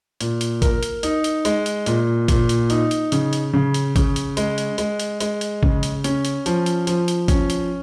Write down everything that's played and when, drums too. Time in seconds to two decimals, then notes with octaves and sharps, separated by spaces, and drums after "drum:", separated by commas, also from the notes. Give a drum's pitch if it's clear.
0.21 A#2, drum: hi-hat
0.41 drum: hi-hat
0.62 A#4, drum: kick, hi-hat
0.83 drum: hi-hat
1.03 D#4, drum: hi-hat
1.24 drum: hi-hat
1.45 G#3, drum: hi-hat
1.66 drum: hi-hat
1.86 A#2, drum: hi-hat
2.28 A#2, drum: kick, hi-hat
2.49 drum: hi-hat
2.70 D#4, drum: hi-hat
2.91 drum: hi-hat
3.12 C#3, drum: hi-hat
3.33 drum: hi-hat
3.53 C#3
3.74 drum: hi-hat
3.96 C#3, drum: kick, hi-hat
4.16 drum: hi-hat
4.37 G#3, drum: hi-hat
4.58 drum: hi-hat
4.78 G#3, drum: hi-hat
5.00 drum: hi-hat
5.20 G#3, drum: hi-hat
5.41 drum: hi-hat
5.63 C#3, drum: kick
5.83 drum: hi-hat
6.04 C#4, drum: hi-hat
6.25 drum: hi-hat
6.46 F3, drum: hi-hat
6.66 drum: hi-hat
6.87 F3, drum: hi-hat
7.08 drum: hi-hat
7.28 C#4, drum: kick, hi-hat
7.50 drum: hi-hat